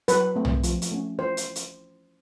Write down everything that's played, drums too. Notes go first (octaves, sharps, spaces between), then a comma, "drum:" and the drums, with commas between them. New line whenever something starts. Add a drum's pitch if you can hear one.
F#3 B4, drum: hi-hat
A3 C4
drum: tom
F3, drum: hi-hat
drum: hi-hat
A3 C#4
E3 C5
drum: hi-hat
drum: hi-hat